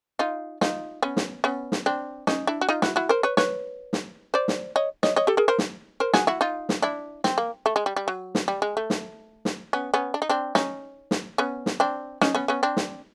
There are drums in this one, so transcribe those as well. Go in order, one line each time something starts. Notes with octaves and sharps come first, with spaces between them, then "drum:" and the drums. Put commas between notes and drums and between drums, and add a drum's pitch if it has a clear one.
D#4 F4
D#4 F4, drum: snare
B3 C#4
drum: snare
B3 C#4
drum: snare
C4 D4
C#4 D#4, drum: snare
D4 E4
F#4
D#4 F4
E4 F#4, drum: snare
E4 F#4
A#4 C5
B4 C#5
B4 C#5, drum: snare
drum: snare
C5 D5
drum: snare
C#5 D#5
C#5 D#5, drum: snare
C#5 D#5
G4 A4
G#4 A#4
A#4 C5
drum: snare
A#4 C5
F#4 G#4, drum: snare
E4 F#4
D#4 F4
drum: snare
D4 E4
C4, drum: snare
A#3
A3
G#3
G3
G3
F#3
drum: snare
G3
G#3
A3
drum: snare
drum: snare
B3 C#4
B3 C#4
D4
D#4
C4 D4
C#4 D#4, drum: snare
drum: snare
B3 C#4
drum: snare
C4 D4
C#4 D#4, drum: snare
B3 C#4
B3 C#4
C4 D4
drum: snare